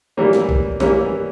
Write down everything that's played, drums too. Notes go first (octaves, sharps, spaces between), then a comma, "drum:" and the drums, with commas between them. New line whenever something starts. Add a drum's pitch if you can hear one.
E3 G3 A#3 C#4
drum: snare
drum: kick B1
E3 G3 A#3 C#4, drum: snare